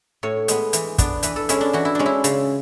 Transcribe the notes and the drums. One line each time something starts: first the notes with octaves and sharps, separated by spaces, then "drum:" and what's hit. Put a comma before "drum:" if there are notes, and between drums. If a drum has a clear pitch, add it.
A2 C#5
G#3 B3, drum: hi-hat
E3, drum: hi-hat
B3 D4, drum: kick, hi-hat
E3 B4, drum: hi-hat
A4
G#3 C#4 E4, drum: hi-hat
D4
E3 F#4
E4
G#3 C#4 D4
E4
C#3, drum: hi-hat